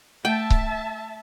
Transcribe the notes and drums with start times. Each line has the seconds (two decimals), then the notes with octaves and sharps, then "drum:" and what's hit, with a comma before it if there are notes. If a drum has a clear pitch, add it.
0.25 A3 E5 G5 A5
0.50 drum: kick C#1